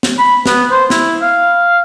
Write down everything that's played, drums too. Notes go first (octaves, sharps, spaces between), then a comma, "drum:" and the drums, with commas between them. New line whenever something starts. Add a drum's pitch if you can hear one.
drum: snare
B5
B3, drum: snare
C5
E4, drum: snare
F5